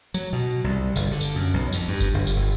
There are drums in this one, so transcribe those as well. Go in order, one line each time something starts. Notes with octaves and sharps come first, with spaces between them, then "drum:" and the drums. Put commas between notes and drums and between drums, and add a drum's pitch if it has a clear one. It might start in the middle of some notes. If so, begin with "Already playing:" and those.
F#3, drum: tambourine
B2
C2
G1, drum: tambourine
D3
drum: tambourine
F#2
B1
F2, drum: tambourine
G2
drum: kick F#1, tambourine
G1
drum: tambourine
G1